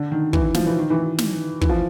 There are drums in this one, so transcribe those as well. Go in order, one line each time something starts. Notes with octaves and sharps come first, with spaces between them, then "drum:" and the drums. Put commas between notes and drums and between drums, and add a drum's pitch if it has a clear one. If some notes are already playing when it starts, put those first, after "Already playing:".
Already playing: D3
D#3
E3, drum: kick
F3, drum: snare
E3
D#3
E3
drum: snare
E3, drum: kick
F3